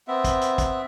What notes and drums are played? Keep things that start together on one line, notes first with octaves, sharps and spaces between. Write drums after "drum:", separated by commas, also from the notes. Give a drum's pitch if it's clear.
B3 C4 E5
drum: kick, hi-hat
drum: hi-hat
drum: kick, hi-hat